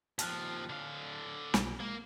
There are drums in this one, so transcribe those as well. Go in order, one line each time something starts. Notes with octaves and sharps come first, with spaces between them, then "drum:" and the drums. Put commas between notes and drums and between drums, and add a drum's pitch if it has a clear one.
D#2 F3 A5 F6 F#6, drum: hi-hat
D3 F5
B1, drum: snare
G#3 A#3